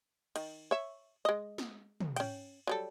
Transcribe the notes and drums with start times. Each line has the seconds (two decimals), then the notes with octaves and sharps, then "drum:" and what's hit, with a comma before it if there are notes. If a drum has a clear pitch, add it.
0.36 D#3, drum: cymbal
0.71 C#5 E5
1.25 G#3 D#5
1.58 drum: snare
2.00 drum: tom
2.16 C#4 G5, drum: cymbal
2.67 F#3 G3 A4